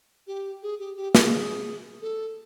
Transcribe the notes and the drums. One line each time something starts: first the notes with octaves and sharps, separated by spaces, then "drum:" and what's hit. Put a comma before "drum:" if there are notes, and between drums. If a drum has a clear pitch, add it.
G4
G#4
G4
G4
G#4, drum: snare
A4